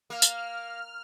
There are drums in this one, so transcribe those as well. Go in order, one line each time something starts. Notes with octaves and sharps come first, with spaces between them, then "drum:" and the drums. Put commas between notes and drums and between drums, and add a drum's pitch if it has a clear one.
A#3 F6
drum: tambourine